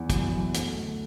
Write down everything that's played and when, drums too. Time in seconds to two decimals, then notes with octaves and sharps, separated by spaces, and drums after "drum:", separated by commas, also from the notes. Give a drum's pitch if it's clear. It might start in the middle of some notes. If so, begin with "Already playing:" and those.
Already playing: E2
0.10 F#2, drum: kick, hi-hat
0.32 F#2
0.54 A3, drum: hi-hat
0.77 D2